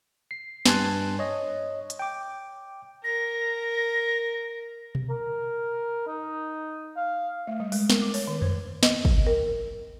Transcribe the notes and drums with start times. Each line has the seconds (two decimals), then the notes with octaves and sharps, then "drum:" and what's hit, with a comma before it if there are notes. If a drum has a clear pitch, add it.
0.31 C7
0.65 G2 G#5 A5 C6 F#6, drum: snare
1.19 C#5 D#5
1.90 drum: hi-hat
1.99 G5 D6
3.04 A#4 A#6
4.95 drum: tom B2
5.10 A#4
6.07 D#4
6.96 F5
7.47 A3
7.60 G3
7.72 G#3, drum: open hi-hat
7.90 A#4, drum: snare
8.02 D6
8.14 C#5, drum: open hi-hat
8.27 D#3
8.42 C5, drum: tom F2
8.83 D#5, drum: snare
9.05 drum: kick
9.27 A#4